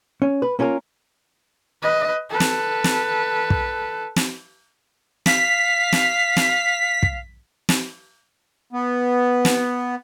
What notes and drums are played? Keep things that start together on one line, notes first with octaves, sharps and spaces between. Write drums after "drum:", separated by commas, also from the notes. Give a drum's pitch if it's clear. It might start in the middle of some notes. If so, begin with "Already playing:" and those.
C#4
B4
A#3 C#4 F4 G#4 A#4
B4 D#5
A4 B4
drum: snare
drum: snare
drum: kick
drum: snare
F5 B6, drum: snare
drum: snare
drum: snare
drum: kick
drum: snare
B3
drum: snare